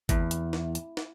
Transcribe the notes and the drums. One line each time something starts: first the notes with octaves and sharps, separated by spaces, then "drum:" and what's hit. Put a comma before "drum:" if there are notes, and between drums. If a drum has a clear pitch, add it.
E2, drum: kick G#1, hi-hat
drum: hi-hat
drum: snare
drum: hi-hat
drum: snare